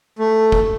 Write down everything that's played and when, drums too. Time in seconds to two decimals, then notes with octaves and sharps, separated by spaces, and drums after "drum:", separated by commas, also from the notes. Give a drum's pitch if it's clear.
0.19 A3
0.52 drum: kick